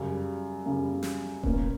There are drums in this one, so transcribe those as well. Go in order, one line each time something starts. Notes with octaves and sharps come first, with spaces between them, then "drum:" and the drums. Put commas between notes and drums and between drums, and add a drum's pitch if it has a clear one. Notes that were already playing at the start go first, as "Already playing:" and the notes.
Already playing: F#2 C#3 G3
F#2 C#3 G3
drum: snare
A#2 A#3 C#4, drum: kick D#1